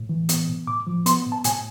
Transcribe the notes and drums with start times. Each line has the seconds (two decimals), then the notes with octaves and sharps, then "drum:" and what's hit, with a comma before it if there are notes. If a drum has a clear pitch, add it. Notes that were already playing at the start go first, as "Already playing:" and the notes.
Already playing: A2
0.09 E3
0.29 B3, drum: hi-hat
0.48 A2
0.67 A2 D6
0.87 F3
1.06 B3 C6, drum: hi-hat
1.26 A2
1.32 A5
1.44 A2 G#5, drum: hi-hat